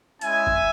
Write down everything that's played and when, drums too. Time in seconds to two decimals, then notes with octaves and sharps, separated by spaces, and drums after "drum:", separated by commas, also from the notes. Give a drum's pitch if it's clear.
0.21 G#3 C#4 E4 E5 G#5, drum: hi-hat
0.47 drum: kick